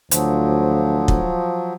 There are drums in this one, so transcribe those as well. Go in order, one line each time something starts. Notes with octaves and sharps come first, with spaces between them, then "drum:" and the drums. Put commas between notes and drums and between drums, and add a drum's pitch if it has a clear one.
D2 F3 F#3, drum: hi-hat
drum: kick